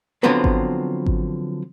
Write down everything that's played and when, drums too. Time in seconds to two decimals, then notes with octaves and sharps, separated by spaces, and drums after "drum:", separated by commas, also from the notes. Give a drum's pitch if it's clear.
0.23 D3 F3 F#3 B3 C4 B4
0.44 drum: kick G#1
1.06 drum: kick G#1